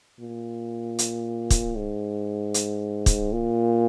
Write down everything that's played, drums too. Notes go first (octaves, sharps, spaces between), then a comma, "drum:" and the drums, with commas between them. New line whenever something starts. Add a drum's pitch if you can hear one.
A#2
drum: hi-hat
drum: kick, hi-hat
G#2
drum: hi-hat
drum: kick, hi-hat
A#2